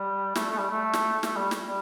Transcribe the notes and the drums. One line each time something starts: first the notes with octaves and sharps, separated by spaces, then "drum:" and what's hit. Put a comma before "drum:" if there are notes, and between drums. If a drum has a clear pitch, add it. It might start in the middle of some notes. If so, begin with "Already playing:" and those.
Already playing: G3
A3, drum: snare
A3
G3
A3
drum: snare
A3, drum: snare
G3
drum: snare
G3